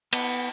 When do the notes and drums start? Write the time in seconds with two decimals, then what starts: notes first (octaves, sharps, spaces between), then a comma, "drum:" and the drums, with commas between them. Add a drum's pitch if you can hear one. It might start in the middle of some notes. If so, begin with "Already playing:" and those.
0.13 B3, drum: cymbal